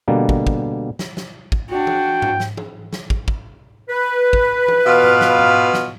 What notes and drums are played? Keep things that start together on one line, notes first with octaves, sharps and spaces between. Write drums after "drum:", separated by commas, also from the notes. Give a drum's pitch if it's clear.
B2 D3 G3 A#3
drum: kick
drum: kick
drum: snare
drum: snare
drum: kick
D4 F#4 G5
drum: tom
drum: tom G#2
drum: snare
drum: tom
drum: snare
drum: kick
drum: kick
B4
drum: kick
drum: tom
B2 F4 F5
drum: tom G#2
drum: snare
drum: tom G#2
drum: snare